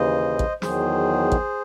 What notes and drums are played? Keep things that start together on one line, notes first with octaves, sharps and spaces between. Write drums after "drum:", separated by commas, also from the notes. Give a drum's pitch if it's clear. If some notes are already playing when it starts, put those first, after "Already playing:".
Already playing: D#2 C#3 E3 C5 D#5
drum: kick
E2 D#3 F#3 G#4 C5, drum: snare
drum: kick